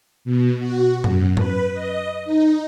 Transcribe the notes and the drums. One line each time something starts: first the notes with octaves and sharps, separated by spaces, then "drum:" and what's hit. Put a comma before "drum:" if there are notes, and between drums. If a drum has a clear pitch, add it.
B2
F#4
F#2, drum: tom G#2
B4, drum: tom G#2
D#5
D#4